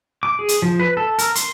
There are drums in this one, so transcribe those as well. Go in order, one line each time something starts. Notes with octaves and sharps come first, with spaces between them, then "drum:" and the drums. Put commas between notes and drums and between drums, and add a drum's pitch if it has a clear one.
D6
G#4
drum: hi-hat
F3
B4
A4
A#4, drum: hi-hat
C6, drum: hi-hat